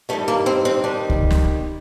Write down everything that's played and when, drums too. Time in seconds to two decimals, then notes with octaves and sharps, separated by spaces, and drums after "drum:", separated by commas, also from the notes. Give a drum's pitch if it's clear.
0.09 G2 D#3 G3 A3
0.28 A#3
0.46 C4
0.65 C4
0.84 D#3 G3 D4
1.10 drum: kick C#2
1.31 drum: snare